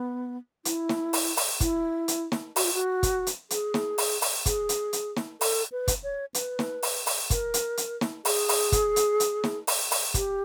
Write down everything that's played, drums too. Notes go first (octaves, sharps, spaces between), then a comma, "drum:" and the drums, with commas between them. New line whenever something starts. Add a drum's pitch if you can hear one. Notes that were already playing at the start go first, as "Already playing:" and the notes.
Already playing: B3
E4, drum: hi-hat
drum: snare
drum: open hi-hat
drum: open hi-hat
E4, drum: kick, hi-hat
drum: hi-hat
drum: snare
F#4, drum: open hi-hat
F4
F#4
drum: kick, hi-hat
drum: hi-hat
G#4, drum: hi-hat
drum: snare
drum: open hi-hat
drum: open hi-hat
G#4, drum: kick, hi-hat
drum: hi-hat
drum: hi-hat
drum: snare
A4, drum: open hi-hat
B4
drum: kick, hi-hat
C#5
B4, drum: hi-hat
drum: snare
drum: open hi-hat
drum: open hi-hat
A#4, drum: kick, hi-hat
drum: hi-hat
drum: hi-hat
drum: snare
G#4, drum: open hi-hat
drum: open hi-hat
drum: kick, hi-hat
drum: hi-hat
drum: hi-hat
drum: snare
drum: open hi-hat
drum: open hi-hat
G4, drum: kick, hi-hat